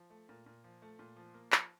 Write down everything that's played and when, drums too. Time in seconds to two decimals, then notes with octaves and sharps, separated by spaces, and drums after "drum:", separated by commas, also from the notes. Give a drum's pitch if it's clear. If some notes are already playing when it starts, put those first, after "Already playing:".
Already playing: F3
0.10 A3
0.29 A#2
0.46 A#2
0.64 F3
0.82 A3
0.99 A#2
1.16 F3
1.34 A#3
1.52 F3, drum: clap